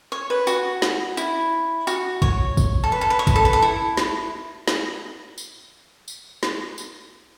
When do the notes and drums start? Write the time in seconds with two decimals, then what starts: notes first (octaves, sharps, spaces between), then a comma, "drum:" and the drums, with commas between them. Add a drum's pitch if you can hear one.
0.12 C#5
0.30 B4
0.47 F#4, drum: tambourine
0.82 drum: snare
1.17 E4, drum: tambourine
1.87 F#4, drum: tambourine
2.22 C#5, drum: kick
2.57 drum: kick, tambourine
2.84 A4
2.92 B4
3.01 A4
3.10 B4
3.19 C#5
3.27 B4, drum: kick, tambourine
3.36 A4
3.45 B4
3.53 A4
3.62 E4
3.97 drum: snare
4.68 drum: snare
5.38 drum: tambourine
6.08 drum: tambourine
6.43 drum: snare
6.78 drum: tambourine